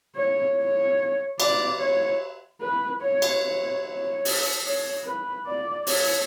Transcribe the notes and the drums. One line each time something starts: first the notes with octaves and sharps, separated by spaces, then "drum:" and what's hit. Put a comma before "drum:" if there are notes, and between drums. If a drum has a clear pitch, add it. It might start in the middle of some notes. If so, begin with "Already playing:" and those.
C#5
C#5
D5, drum: cymbal
C#5
B4
C#5
drum: cymbal
C#5
C#5
drum: open hi-hat
C#5
B4
D5
C#5, drum: open hi-hat